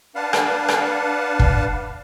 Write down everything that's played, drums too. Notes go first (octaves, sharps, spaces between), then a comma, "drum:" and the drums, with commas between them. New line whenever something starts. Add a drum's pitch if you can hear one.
D4 B4 F5 F#5 A5
drum: rim click
drum: rim click
drum: kick